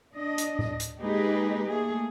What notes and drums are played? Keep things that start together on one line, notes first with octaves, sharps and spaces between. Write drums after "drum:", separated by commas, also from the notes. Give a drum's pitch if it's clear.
D4 D#5
drum: hi-hat
drum: tom A2
drum: hi-hat
G#3 A#3 D#4 G4 G#4 B4
A3 A#3 G#4